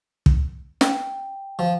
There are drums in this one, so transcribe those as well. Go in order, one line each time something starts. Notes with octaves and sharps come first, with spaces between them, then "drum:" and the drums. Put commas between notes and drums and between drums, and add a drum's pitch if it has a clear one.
drum: kick
G5, drum: snare
F3